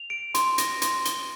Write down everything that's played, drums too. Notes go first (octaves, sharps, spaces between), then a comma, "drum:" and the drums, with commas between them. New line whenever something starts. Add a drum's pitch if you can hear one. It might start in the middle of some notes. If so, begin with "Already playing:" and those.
Already playing: F7
D7
C6, drum: hi-hat
A#6, drum: hi-hat
C6, drum: hi-hat
G7, drum: hi-hat